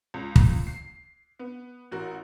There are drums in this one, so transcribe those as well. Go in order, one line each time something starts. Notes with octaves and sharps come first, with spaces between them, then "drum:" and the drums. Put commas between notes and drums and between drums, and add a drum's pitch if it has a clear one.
C#2
drum: kick
C7
B3
A1 F#4 A#4